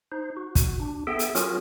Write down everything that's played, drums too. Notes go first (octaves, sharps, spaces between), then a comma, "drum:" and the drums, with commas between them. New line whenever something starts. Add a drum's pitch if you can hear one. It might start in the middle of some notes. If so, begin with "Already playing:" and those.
D#4 C5
F#4
drum: kick, hi-hat
D4
B3 G#4 A4 E5 G5
drum: hi-hat
F#3 C#4 F4 F#4 G#4 A#4, drum: hi-hat